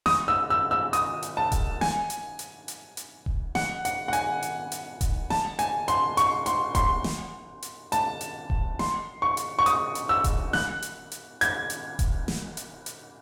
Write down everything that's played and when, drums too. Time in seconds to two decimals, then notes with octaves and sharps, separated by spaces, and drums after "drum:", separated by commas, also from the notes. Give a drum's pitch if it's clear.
0.06 D#6, drum: snare
0.28 E6
0.50 E6
0.71 E6
0.93 D#6, drum: hi-hat
1.23 drum: hi-hat
1.37 A5
1.52 drum: kick D#1, hi-hat
1.81 G#5, drum: snare
2.10 drum: hi-hat
2.39 drum: hi-hat
2.68 drum: hi-hat
2.97 drum: hi-hat
3.26 drum: kick D#1
3.55 F#5, drum: snare
3.85 F#5, drum: hi-hat
4.08 F#5
4.13 G#5, drum: hi-hat
4.43 drum: hi-hat
4.72 drum: hi-hat
5.01 drum: kick D#1, hi-hat
5.30 A5, drum: snare
5.59 G#5, drum: hi-hat
5.88 C6, drum: hi-hat
6.17 C#6, drum: hi-hat
6.46 C6, drum: hi-hat
6.75 C6, drum: kick D#1, hi-hat
7.04 drum: snare
7.62 drum: hi-hat
7.92 A5, drum: hi-hat
8.21 drum: hi-hat
8.50 drum: kick D#1
8.79 C6, drum: snare
9.22 C#6
9.37 drum: hi-hat
9.59 C#6
9.66 D#6, drum: hi-hat
9.95 drum: hi-hat
10.09 E6
10.24 drum: kick D#1, hi-hat
10.53 F#6, drum: snare
10.82 drum: hi-hat
11.12 drum: hi-hat
11.41 G#6, drum: hi-hat
11.70 drum: hi-hat
11.99 drum: kick D#1, hi-hat
12.28 drum: snare
12.57 drum: hi-hat
12.86 drum: hi-hat